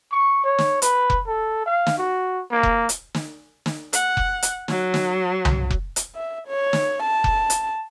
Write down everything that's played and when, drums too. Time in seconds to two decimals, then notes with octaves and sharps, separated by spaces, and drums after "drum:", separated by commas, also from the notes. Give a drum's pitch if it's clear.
0.12 C#6
0.44 C#5
0.58 drum: snare
0.82 B4, drum: hi-hat
1.10 drum: kick F1
1.27 A4
1.66 F5
1.86 drum: snare
1.98 F#4
2.51 A#3
2.63 drum: kick F1
2.89 drum: hi-hat
3.14 drum: snare
3.66 drum: snare
3.93 F#5, drum: hi-hat
4.17 drum: kick F1
4.42 drum: hi-hat
4.68 F#3, drum: snare
4.94 drum: snare
5.45 drum: tom C2
5.70 drum: kick F1
5.96 drum: hi-hat
6.15 E5
6.47 C#5
6.73 drum: snare
7.03 A5
7.24 drum: kick F1
7.50 drum: hi-hat